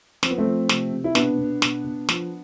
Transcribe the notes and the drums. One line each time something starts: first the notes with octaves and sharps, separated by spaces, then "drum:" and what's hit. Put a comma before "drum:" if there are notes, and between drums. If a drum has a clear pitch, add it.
F3 C4, drum: snare
B3
A3 C4
F3
C3, drum: snare
C3
E4
B2 B3 D4, drum: snare
B2
B2, drum: snare
B2
F3, drum: snare